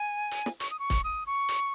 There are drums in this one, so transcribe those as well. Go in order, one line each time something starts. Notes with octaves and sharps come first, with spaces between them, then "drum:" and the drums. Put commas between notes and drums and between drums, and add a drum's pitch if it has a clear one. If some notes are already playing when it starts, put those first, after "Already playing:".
Already playing: G#5
drum: hi-hat
drum: snare
C#6, drum: hi-hat
D#6
C#6
drum: kick, hi-hat
D#6
C#6
drum: hi-hat